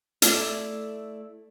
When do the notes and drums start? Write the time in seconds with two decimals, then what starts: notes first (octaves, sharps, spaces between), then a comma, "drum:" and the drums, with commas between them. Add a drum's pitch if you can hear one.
0.22 A3 E4 D5, drum: hi-hat